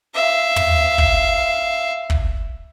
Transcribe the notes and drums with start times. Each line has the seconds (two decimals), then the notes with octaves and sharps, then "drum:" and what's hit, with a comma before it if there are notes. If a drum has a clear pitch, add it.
0.14 E5 F5
0.56 drum: tom
0.98 drum: kick
2.10 drum: kick